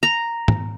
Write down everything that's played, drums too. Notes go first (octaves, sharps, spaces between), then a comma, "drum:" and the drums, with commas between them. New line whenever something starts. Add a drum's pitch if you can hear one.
A#5
drum: tom